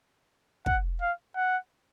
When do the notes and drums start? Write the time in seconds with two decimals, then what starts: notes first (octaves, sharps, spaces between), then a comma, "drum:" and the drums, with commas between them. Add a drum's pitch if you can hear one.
0.66 F#5, drum: kick
1.01 F5
1.36 F#5